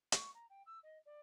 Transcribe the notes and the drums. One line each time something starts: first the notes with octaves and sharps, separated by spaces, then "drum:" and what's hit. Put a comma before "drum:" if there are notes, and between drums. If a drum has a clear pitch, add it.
C#6, drum: hi-hat
A#5
G5
E6
D#5
D5